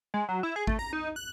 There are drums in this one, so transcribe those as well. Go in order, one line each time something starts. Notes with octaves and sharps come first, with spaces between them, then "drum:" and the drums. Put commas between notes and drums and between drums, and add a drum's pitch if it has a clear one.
G#3
F#3
E4
G#4
A3, drum: kick G#1
A#5
D#4
F#6